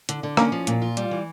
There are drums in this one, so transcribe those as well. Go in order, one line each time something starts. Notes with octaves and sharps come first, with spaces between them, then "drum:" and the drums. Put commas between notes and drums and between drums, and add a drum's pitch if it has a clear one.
D3, drum: hi-hat
D3
A#3 C#4, drum: rim click
F3
A#2, drum: hi-hat
F4
G3, drum: hi-hat
E3